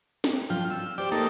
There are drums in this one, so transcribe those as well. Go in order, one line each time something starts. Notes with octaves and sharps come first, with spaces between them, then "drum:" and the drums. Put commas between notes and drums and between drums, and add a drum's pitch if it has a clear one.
drum: snare
F3 D4 F4 G5
F4 E6
G4 C5 D5 G5
A#3 D#4 A4